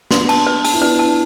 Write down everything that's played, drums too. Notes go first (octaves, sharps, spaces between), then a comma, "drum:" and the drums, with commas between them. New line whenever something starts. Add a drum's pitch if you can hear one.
B3 D4 C6, drum: snare
A5, drum: cymbal
B4
A5, drum: open hi-hat
E4
B3 D4 B4
A5